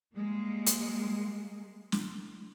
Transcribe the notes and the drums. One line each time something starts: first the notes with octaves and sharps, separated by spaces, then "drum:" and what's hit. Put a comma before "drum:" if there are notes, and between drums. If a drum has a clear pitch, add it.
G3 G#3 A#3
drum: hi-hat
drum: snare